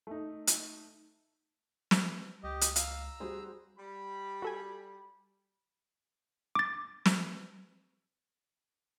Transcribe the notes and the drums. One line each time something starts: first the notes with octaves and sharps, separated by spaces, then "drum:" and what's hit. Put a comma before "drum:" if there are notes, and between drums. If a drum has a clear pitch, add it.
A3 D#4
drum: hi-hat
drum: snare
C#2 G4 D#5
drum: hi-hat
F5 A#5 E6, drum: hi-hat
G3 F#4 G#4 C5
G3 B5
F#4 A4 G#5
D6 A6
drum: snare